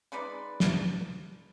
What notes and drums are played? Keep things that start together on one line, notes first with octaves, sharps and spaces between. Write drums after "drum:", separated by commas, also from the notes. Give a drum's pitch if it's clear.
G#3 D#4 B4 D5
drum: snare